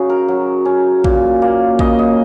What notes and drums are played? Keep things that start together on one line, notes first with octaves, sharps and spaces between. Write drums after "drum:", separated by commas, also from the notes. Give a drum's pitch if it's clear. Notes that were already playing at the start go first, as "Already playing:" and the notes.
Already playing: C#3 C#4 D#4 F#4 G#4
A#4
F#3
C#4
A#2, drum: kick A#1
A#3
C#3 D#5, drum: kick A#1
D#5